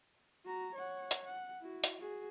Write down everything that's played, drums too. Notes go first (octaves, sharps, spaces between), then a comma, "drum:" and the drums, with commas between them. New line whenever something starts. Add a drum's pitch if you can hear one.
F#4 A#5
C#5 F#5
drum: hi-hat
F#5
E4 F#4
drum: hi-hat
F#4 G#4